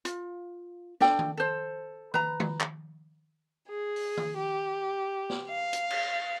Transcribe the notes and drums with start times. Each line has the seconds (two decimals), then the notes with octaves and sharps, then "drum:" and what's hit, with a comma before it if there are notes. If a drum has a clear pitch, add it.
0.05 F4, drum: hi-hat
1.00 D4 A4 G5, drum: snare
1.19 drum: tom D#3
1.37 A4 C5
2.14 B4 A#5, drum: tom D#3
2.40 drum: tom D#3
2.60 drum: clap
3.69 G#4
3.96 drum: open hi-hat
4.17 drum: tom D#3
4.38 G4
5.29 drum: snare
5.49 F5
5.73 drum: hi-hat
5.90 drum: cymbal